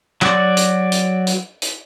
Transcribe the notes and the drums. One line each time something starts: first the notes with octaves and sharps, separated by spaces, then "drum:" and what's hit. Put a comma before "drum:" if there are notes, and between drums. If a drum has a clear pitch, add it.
F#3 F#4 D5, drum: clap
drum: hi-hat
drum: hi-hat
drum: hi-hat
drum: hi-hat